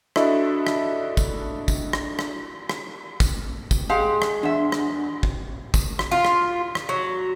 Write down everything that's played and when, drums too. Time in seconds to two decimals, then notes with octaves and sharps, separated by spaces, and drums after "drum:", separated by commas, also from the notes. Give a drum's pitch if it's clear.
0.16 D4 E4 F#4 A4 D#5 E5, drum: rim click
0.67 drum: rim click
1.17 drum: kick, tambourine
1.68 drum: kick, tambourine
1.93 drum: rim click
2.19 drum: rim click
2.69 drum: rim click
3.20 drum: kick, tambourine
3.71 drum: kick, tambourine
3.89 G#3 G4 F5 F#5
4.22 drum: rim click
4.43 E2 D4 E5 F#5
4.72 drum: rim click
5.23 drum: kick
5.74 drum: kick, tambourine
5.99 drum: rim click
6.11 F4
6.25 drum: rim click
6.75 drum: rim click
6.89 F#3